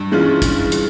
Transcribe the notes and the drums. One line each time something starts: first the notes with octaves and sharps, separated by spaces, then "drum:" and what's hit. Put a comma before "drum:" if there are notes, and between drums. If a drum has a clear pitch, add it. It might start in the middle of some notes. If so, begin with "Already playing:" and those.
Already playing: G2
E3 G#3 C#4 F4
drum: kick, hi-hat
drum: hi-hat